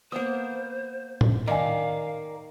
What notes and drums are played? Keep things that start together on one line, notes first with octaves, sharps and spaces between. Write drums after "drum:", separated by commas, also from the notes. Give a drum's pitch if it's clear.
A#3 B3 C5 F#5 D#6
drum: tom A2
D#3 A#4 D5 D#5 F5 G#5